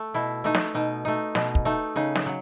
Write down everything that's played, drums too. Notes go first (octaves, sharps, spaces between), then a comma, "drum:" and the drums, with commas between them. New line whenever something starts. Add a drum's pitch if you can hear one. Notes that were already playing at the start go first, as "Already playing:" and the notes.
Already playing: A3
B2 E4
A3 D#4
drum: snare
B2 D#4
A3 D#4
B2, drum: snare
drum: kick
A3 D#4
C#3 D#4
drum: snare
F#3